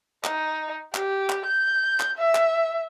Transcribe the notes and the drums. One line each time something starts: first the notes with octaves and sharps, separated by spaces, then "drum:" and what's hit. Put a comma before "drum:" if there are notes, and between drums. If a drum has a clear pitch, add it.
D#4, drum: clap
G4, drum: clap
drum: clap
G6
drum: clap
E5
drum: clap